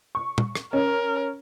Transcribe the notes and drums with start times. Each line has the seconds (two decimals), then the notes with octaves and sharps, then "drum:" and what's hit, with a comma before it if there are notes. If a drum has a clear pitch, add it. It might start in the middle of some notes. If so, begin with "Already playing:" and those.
0.15 C#6
0.38 drum: tom
0.55 drum: rim click
0.73 C#4 A#4